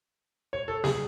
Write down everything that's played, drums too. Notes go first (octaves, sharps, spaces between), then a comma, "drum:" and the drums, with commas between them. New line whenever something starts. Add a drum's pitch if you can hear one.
C#5
A4
G#4, drum: snare